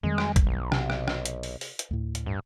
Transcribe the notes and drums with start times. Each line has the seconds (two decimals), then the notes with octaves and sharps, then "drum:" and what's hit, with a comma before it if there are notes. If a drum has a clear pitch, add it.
0.03 F2 D#3 G3 G#3
0.18 drum: rim click
0.36 drum: kick, hi-hat
0.47 B1
0.72 C3, drum: rim click
0.90 drum: rim click
1.08 drum: rim click
1.25 drum: hi-hat
1.43 drum: open hi-hat
1.61 drum: open hi-hat
1.79 drum: hi-hat
1.91 D2 A2
2.15 drum: hi-hat
2.26 G2